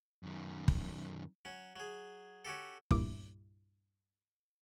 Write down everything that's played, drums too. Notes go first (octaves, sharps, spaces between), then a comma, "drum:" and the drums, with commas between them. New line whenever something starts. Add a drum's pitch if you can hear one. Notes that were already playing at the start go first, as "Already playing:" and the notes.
F#2 D#3
drum: kick
F#3 C#4
F#3 G#4
C#4 F#4 G4 A4
C2 G2 A#2 E4 D6, drum: kick